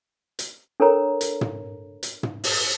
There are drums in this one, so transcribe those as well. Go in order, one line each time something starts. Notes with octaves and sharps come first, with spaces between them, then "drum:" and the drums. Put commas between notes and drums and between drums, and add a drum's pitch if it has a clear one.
drum: hi-hat
D4 A4 A#4 C#5 A#5
drum: hi-hat
drum: tom
drum: hi-hat
drum: tom
drum: open hi-hat